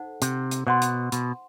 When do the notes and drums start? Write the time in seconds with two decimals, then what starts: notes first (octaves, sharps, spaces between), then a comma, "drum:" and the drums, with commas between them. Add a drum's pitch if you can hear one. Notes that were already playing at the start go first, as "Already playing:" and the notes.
Already playing: D#4 A4 C5 F#5
0.22 C3, drum: hi-hat
0.51 drum: hi-hat
0.67 B2 C5 F#5 C6
0.82 drum: hi-hat
1.12 B2, drum: hi-hat